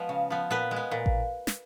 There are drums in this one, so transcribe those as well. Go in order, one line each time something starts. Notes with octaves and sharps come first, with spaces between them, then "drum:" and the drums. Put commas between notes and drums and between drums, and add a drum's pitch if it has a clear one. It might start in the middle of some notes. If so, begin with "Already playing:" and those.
Already playing: F3 G#3 B3 B4
C#3
F3 B3
A#2 B3 B4
G#3
B3
A#2
drum: kick A1
drum: snare